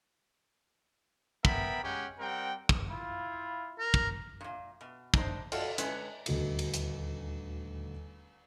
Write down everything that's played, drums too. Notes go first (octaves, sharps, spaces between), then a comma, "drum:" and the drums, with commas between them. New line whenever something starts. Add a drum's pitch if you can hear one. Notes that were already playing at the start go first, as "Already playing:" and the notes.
B3 A#4 E5 G5 B5, drum: kick
G#3 C#4 G4 F#5 G5
G3 C4 A#4 F#5 G5
drum: kick
E4 F4
A#4
drum: kick
G2 A#2
B2
D4 D#4 C5, drum: kick
F4 F#4 A4 F#5, drum: cymbal
D3 G#3 A3 C#4 B4, drum: hi-hat
D#1 D2 F#4 A4 D#5, drum: cymbal
drum: cymbal
drum: hi-hat